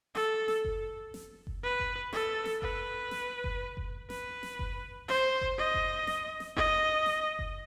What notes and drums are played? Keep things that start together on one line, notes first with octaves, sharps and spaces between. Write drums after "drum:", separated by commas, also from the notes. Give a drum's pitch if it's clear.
A4, drum: snare
drum: snare
drum: kick F#1
drum: snare
drum: kick F#1
B4
drum: kick F#1
A4, drum: snare
drum: snare
B4, drum: kick F#1
drum: snare
drum: kick F#1
drum: kick F#1
B4, drum: snare
drum: snare
drum: kick F#1
C5, drum: snare
drum: kick F#1
D#5
drum: kick F#1
drum: snare
drum: snare
D#5, drum: kick F#1
drum: snare
drum: kick F#1